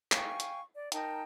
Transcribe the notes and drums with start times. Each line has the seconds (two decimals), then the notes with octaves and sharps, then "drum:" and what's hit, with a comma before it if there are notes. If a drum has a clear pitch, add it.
0.12 F5 G5 G#5 C#6, drum: clap
0.40 drum: hi-hat
0.75 D5
0.92 D#4 A#4 G5 A5, drum: hi-hat